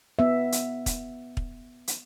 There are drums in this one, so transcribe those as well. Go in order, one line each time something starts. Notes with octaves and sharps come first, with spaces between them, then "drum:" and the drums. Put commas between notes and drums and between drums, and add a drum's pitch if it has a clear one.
B3 E5
drum: hi-hat
drum: kick, hi-hat
drum: kick
drum: hi-hat